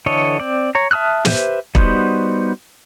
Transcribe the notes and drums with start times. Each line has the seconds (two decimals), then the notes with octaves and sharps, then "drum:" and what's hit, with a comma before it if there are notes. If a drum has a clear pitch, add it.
0.06 D3 E3 A4 C#5 D#5
0.40 C4 D5
0.75 C#5 A#5
0.91 E5 A5 D#6 F6 F#6
1.25 G4 B4 C5 E5, drum: snare
1.75 G3 B3 D#4 F#4 C5, drum: kick E1